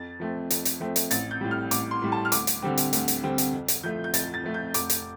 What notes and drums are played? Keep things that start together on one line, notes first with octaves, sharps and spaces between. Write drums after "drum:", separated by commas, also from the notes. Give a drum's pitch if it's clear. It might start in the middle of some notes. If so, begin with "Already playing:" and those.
Already playing: F2 A6
F3 A3 C4
F2, drum: hi-hat
drum: hi-hat
F3 A3 C4
drum: hi-hat
A1 A6, drum: hi-hat
G6
A2 G3
F6
A1 D6, drum: hi-hat
C6
A2 G3
A5
F6
D2 D6, drum: hi-hat
drum: hi-hat
D3 G3 C4
drum: hi-hat
D2, drum: hi-hat
drum: hi-hat
D3 G3 C4
drum: hi-hat
F2
drum: hi-hat
F3 A3 F4 G6
G6
F2 A6, drum: hi-hat
A6
F3 A3 F4
G6
F1 D6, drum: hi-hat
drum: hi-hat